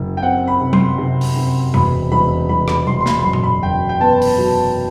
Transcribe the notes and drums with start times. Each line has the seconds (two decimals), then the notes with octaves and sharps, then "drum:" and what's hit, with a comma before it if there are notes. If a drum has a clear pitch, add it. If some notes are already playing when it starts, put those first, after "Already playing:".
Already playing: F#1
0.17 G5
0.22 C4 F#5
0.48 B5
0.60 C3
0.73 C6, drum: tom F#3
0.98 C3
1.21 drum: open hi-hat
1.36 C3
1.74 E1 B5, drum: tom F#2
2.12 E1 B5
2.49 E1 B5
2.68 B5, drum: rim click
2.87 E1 C6
3.01 C6
3.06 B5, drum: snare
3.19 B5
3.24 F#2 C6
3.33 drum: tom A#2
3.44 B5
3.63 F#1 G5
3.89 G5
4.00 B3 A5
4.22 drum: open hi-hat
4.38 F#3